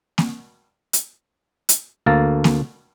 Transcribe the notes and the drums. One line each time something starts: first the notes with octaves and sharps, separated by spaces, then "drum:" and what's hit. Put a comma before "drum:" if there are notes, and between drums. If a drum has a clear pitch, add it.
drum: snare A#3
drum: hi-hat
drum: hi-hat
D2 A#3 A4 F5 A5 A#5
drum: snare A#3